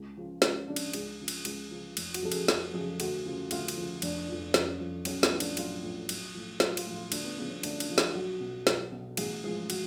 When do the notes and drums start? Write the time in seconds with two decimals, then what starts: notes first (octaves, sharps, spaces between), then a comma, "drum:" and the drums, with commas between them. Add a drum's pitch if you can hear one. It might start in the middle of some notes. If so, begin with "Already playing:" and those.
Already playing: C#2
0.17 C#3 F3
0.42 C#2 C#4, drum: snare
0.67 C#3 F3 D4
0.76 drum: cymbal
0.93 C#2 G#4, drum: cymbal
1.19 C#3 F3
1.28 drum: cymbal
1.45 C#2, drum: cymbal
1.71 C#3 F3
1.97 F1, drum: cymbal
2.14 F#4, drum: cymbal
2.22 F2 C#3 A4
2.32 G#4, drum: cymbal
2.48 F1 A4, drum: snare
2.74 F2 C#3 G#4
3.00 D2 F#4, drum: cymbal
3.26 C#3 F3
3.51 D2 F4, drum: cymbal
3.68 drum: cymbal
3.78 C#3 F3
4.02 F1 D4, drum: cymbal
4.28 F2 F3
4.54 F1 C#4, drum: snare
4.80 F2 F3
5.05 B1 C#4, drum: cymbal
5.23 B3, drum: snare
5.32 A2 F3
5.40 D4, drum: cymbal
5.57 B1 F4, drum: cymbal
5.83 A2 F3
6.09 B1, drum: cymbal
6.34 A2 F3
6.60 B1 F4, drum: snare
6.77 F4, drum: cymbal
6.86 A2 F3
6.94 F4
7.12 D2 D4, drum: cymbal
7.24 B3
7.38 C#3 F3 B3
7.50 C#4
7.63 D2 D4, drum: cymbal
7.80 D4, drum: cymbal
7.89 C#3 F3
7.98 F4, drum: snare
8.15 B1 F#4
8.40 B2
8.67 B1, drum: snare
8.92 B2
9.17 A1 G#4, drum: cymbal
9.44 G#2 F3 G#4
9.70 F#4, drum: cymbal